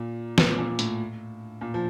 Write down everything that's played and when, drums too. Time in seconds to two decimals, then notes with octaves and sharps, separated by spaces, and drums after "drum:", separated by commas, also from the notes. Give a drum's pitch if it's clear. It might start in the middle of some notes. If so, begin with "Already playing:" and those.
Already playing: A#2
0.38 A#2, drum: snare
0.58 A#2
0.79 A2, drum: hi-hat
1.61 A#2
1.74 F3